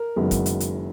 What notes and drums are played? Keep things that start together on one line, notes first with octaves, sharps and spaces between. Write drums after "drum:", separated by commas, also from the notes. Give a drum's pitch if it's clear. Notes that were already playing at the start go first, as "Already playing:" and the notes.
Already playing: A#4
F#1 F#2 D#3 G#3 B3
drum: kick, hi-hat
drum: hi-hat
drum: hi-hat